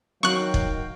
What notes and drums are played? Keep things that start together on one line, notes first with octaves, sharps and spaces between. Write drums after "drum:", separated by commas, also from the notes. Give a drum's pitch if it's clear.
D#3 F#3 F#4 F5 G5 C#6 F#6, drum: snare
drum: kick